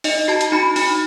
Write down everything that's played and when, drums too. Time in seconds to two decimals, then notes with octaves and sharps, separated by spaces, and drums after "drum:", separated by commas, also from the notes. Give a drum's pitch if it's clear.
0.04 D#4 D#5, drum: open hi-hat
0.28 F#4 A5
0.41 drum: hi-hat
0.52 D#4 B5
0.76 D#4, drum: open hi-hat